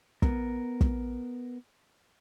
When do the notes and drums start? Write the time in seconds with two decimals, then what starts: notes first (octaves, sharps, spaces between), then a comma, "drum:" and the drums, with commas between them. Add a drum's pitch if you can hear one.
0.22 B3 A#4, drum: kick
0.81 drum: kick